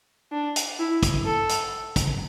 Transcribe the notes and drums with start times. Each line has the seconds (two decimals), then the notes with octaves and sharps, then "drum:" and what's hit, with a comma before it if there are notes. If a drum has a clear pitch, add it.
0.32 D4
0.56 drum: hi-hat
0.79 E4
1.03 drum: kick, hi-hat
1.25 A4
1.49 drum: hi-hat
1.96 drum: kick, hi-hat